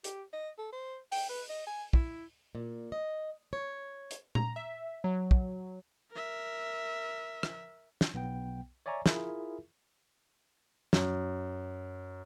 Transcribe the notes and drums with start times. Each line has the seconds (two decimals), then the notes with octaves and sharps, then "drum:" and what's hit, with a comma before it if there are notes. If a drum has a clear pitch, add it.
0.04 G4, drum: hi-hat
0.33 D#5
0.59 A4
0.72 C5
1.12 G5, drum: open hi-hat
1.29 B4
1.49 D#5
1.67 G#5
1.93 E4, drum: kick
2.55 A#2
2.92 D#5
3.53 C#5
4.11 drum: hi-hat
4.35 A#5, drum: tom A#2
4.56 E5
5.04 F#3
5.31 drum: kick
6.12 A#4 E5
7.43 drum: rim click
8.01 drum: snare
8.14 B1 B3 G5
8.86 C#5 D5 E5 G#5 A#5 C#6
9.06 E4 F4 G#4 A#4 E5, drum: snare
10.93 F#2, drum: snare